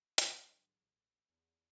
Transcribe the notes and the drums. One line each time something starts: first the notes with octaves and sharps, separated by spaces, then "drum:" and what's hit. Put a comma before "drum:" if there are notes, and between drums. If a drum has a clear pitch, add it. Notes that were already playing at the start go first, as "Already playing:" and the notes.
G2 D3 E3 F#3 G#3, drum: hi-hat
A1
E2